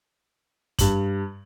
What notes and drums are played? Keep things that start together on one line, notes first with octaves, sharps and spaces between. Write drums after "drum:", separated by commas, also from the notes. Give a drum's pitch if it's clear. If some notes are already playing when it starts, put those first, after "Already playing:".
G2 F#7, drum: kick, hi-hat